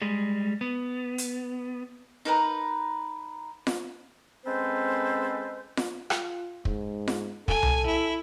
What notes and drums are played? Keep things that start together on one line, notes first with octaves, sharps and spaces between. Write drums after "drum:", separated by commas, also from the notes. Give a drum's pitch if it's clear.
G3 G#3
B3
drum: hi-hat
D#4 A#4 B4 A#5
drum: snare F4
G#3 C4 C#4 A4 B4 C5
drum: snare F4
F4, drum: rim click
G#2, drum: kick
drum: snare F4
A4 G#5, drum: kick
drum: tom C2
E4